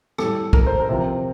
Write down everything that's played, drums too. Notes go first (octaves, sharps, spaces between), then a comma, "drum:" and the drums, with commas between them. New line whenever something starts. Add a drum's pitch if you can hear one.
A2 G3 A4, drum: rim click
A#4, drum: kick
C5
A#4
C3 F3